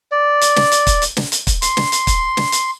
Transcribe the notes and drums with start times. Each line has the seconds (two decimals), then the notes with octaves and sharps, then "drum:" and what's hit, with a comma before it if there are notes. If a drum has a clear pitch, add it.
0.12 D5
0.41 drum: hi-hat
0.56 drum: snare
0.72 drum: hi-hat
0.87 drum: kick, hi-hat
1.02 drum: hi-hat
1.17 drum: snare
1.32 drum: hi-hat
1.47 drum: kick, hi-hat
1.62 C6, drum: hi-hat
1.77 drum: snare
1.92 drum: hi-hat
2.07 drum: kick, hi-hat
2.37 drum: snare
2.52 drum: hi-hat